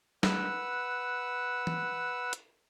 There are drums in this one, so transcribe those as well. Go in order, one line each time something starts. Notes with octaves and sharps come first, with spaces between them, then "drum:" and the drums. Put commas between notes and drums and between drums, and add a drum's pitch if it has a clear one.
B4 F#5 E6, drum: snare
drum: tom
drum: hi-hat